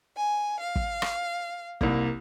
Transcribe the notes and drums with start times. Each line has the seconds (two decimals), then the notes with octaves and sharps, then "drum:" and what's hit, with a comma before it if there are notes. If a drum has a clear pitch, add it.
0.16 G#5
0.60 F5
0.76 drum: kick
1.02 drum: rim click
1.81 C2 A#3, drum: kick